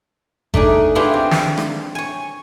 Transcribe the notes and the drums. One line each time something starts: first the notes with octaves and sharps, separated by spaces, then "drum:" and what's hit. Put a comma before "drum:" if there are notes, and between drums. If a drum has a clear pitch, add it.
A3 D4 D#4 G#4, drum: kick G#1
B3 D4 E4 F4 G4 G#4
C4
drum: snare
drum: rim click
C#5 G#5